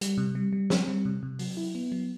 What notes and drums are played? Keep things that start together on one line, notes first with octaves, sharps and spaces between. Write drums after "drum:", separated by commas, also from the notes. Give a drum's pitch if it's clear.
G3, drum: hi-hat
C3
G3
G3
C4, drum: snare
G3
C3
C3
F#3, drum: open hi-hat
E4
B3
F#3